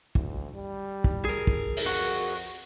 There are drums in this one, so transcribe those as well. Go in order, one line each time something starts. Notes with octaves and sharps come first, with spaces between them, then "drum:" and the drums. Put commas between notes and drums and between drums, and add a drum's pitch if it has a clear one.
D2, drum: kick
G3
drum: kick
G#4 A#4
drum: kick
drum: open hi-hat
F2 F#4